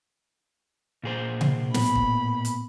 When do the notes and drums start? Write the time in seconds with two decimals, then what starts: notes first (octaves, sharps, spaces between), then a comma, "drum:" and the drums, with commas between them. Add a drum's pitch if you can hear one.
1.03 A#2 G#4 C5
1.41 drum: tom C3
1.74 A2 B3 B5, drum: snare
1.95 drum: kick
2.45 drum: hi-hat